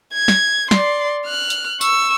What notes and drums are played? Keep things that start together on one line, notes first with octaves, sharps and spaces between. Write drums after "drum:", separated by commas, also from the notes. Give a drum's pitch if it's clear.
G#6
drum: snare
D5 C6, drum: snare
F6 F#6
drum: hi-hat
C#6 E6, drum: tambourine